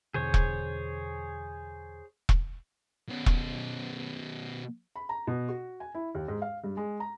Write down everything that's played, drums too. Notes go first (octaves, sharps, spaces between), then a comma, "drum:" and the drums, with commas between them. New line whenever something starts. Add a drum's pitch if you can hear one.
E2 B2 D3 G#4 C5 C#5
drum: kick E1
drum: kick E1
B2 C#4
drum: kick E1
B5
A#5
B2
F#4
G#5
E4
D#2
G#2
F5
G2
G#3
A#5